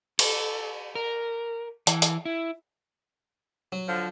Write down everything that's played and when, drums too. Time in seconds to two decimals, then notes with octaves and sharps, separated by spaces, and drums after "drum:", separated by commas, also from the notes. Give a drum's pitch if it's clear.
0.19 A4, drum: cymbal
0.95 A#4
1.87 E3, drum: hi-hat
2.02 drum: hi-hat
2.25 E4
3.72 F#3
3.89 D3 F3